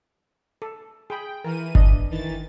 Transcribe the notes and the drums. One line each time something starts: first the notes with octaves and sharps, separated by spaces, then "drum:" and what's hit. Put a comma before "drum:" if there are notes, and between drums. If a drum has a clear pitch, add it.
A4
G#4 G5 B5
E3 A#4 D#7
D4 D#5, drum: kick G1
D#3 E3 A6